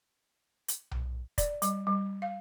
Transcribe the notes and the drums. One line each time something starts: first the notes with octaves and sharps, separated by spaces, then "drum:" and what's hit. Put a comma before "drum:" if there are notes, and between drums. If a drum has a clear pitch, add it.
drum: hi-hat
drum: tom B1
D5, drum: kick, hi-hat
G3, drum: hi-hat
G3
F5